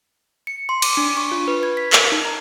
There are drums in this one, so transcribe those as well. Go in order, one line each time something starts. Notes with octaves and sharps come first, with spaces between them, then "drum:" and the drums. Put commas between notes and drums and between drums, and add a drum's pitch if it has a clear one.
C#7
C6
D6, drum: cymbal
D4
C#6
F4
B4
G#6
B6
A#4, drum: clap
D#4
A#5